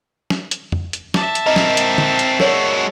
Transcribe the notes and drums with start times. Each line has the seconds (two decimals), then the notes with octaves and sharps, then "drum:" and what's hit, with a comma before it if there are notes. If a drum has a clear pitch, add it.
0.30 drum: snare
0.51 drum: hi-hat
0.72 drum: tom
0.93 drum: hi-hat
1.14 E5 A5 D6, drum: snare
1.35 drum: hi-hat
1.46 C4 A#4 D#5
1.56 drum: snare
1.77 drum: hi-hat
1.98 drum: tom
2.19 drum: hi-hat
2.40 G#3 F#4 A#4 C#5 D5, drum: snare